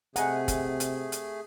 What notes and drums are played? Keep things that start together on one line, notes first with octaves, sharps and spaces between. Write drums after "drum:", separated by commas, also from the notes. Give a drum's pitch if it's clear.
C3 A3 G#4 D#5 F#5 G#5 A#5, drum: hi-hat
drum: kick F#1, hi-hat
drum: hi-hat
drum: hi-hat